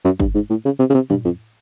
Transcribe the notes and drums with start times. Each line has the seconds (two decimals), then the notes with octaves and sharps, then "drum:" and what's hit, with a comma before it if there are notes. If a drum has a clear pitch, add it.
0.05 F#2
0.20 G2, drum: kick
0.34 G#2
0.50 A2
0.65 C#3
0.79 C3
0.90 C#3
0.95 C3
1.10 G2, drum: tom
1.25 F2